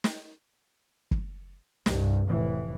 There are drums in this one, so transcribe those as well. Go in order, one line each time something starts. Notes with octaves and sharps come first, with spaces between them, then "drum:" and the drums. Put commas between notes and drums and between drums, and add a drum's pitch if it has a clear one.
drum: snare
drum: kick
C2 G2, drum: snare
F1 A2 E3